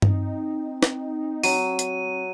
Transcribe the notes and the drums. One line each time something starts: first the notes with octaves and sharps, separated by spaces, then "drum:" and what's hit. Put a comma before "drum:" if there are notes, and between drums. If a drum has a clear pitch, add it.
C4 D#4, drum: tom G2
drum: snare
F#3 D#7, drum: open hi-hat
drum: hi-hat